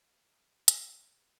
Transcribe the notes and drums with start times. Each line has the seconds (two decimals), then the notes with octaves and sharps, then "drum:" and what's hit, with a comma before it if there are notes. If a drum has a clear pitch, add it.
0.07 B3 F5
0.27 D#4 G#4
0.48 B3
0.68 D#4 G#4, drum: hi-hat